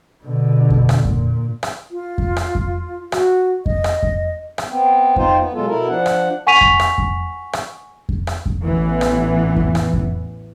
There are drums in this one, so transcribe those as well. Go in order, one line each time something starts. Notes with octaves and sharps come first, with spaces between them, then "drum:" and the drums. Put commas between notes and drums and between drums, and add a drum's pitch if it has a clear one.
B2 D3
drum: kick F2
drum: rim click
A#2, drum: kick F2
drum: rim click
F4
drum: kick F2
drum: rim click
drum: kick F2
F#4, drum: rim click
D#5, drum: kick F2
drum: rim click
drum: kick F2
drum: rim click
B3 C4
C4 D#4 F4 C5, drum: kick F2
B3
B2 F#3 G#3 F4 A4
B2 E4 A4 A#4
F3 D4 F#5
drum: rim click
F#5 G#5 C#6 B6 D#7 F7
drum: kick F2
drum: rim click
drum: kick F2
drum: rim click
drum: kick F2
drum: rim click
drum: kick F2
A1 E3 B3
drum: rim click
drum: kick F2
drum: rim click
drum: kick F2